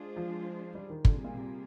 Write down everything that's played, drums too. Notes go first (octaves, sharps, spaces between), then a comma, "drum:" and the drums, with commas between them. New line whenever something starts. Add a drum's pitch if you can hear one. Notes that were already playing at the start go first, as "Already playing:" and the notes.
Already playing: G#3 D4 F4 G#4 C5
F3
G3
D#3
D3 G3 A#3 F4 G#4, drum: kick
C3
A#2
C3